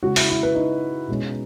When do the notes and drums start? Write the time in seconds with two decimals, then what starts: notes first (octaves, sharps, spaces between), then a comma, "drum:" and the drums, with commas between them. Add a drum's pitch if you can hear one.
0.03 C#3 G#3 C#4 F#4
0.16 E4, drum: open hi-hat
0.30 E4
0.43 B4
0.55 D#4
1.08 B2 G#3 C#4